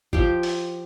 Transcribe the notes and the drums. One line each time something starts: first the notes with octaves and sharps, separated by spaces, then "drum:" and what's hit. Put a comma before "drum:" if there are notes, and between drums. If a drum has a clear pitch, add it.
F3 G4, drum: kick G#1
drum: open hi-hat